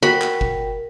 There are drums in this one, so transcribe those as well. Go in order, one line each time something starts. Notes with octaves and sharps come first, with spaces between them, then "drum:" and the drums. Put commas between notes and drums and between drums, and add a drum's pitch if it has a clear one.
F#4 A#4 G5 B5
drum: clap
drum: kick G1